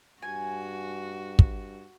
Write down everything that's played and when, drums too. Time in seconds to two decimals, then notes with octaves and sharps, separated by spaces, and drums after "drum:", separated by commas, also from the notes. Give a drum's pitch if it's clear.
0.22 G2 F#4 G#5
1.39 drum: kick